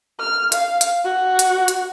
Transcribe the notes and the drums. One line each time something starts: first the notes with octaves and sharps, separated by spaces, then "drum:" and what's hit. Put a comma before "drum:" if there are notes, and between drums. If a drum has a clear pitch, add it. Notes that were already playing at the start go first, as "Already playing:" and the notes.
F6
F5, drum: hi-hat
drum: hi-hat
F#4
drum: hi-hat
drum: hi-hat